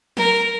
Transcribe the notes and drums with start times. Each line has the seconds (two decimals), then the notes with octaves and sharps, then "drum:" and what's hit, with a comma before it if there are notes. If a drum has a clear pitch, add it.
0.17 A#4, drum: snare